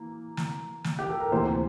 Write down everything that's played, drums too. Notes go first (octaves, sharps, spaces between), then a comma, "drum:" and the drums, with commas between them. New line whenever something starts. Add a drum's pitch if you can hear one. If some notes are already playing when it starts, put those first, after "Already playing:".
Already playing: E3 A#3
drum: snare
drum: snare
G4
A4
A#4
D2 C3 E3 A#3 C5